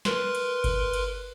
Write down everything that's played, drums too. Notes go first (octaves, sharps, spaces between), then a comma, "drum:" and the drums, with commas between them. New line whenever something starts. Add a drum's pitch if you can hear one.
A#4 B4 C6, drum: snare
drum: cymbal
drum: kick G1, cymbal
drum: cymbal